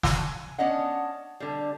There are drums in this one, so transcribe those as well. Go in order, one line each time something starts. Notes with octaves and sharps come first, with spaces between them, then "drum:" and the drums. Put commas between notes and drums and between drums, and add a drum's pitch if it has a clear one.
drum: snare
G#5
B3 C#4 D4 D#5 F#5
D3 G3